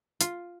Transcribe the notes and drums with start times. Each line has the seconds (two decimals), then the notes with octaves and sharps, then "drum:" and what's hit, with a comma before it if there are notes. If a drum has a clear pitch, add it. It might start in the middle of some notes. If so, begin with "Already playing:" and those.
0.21 F4, drum: hi-hat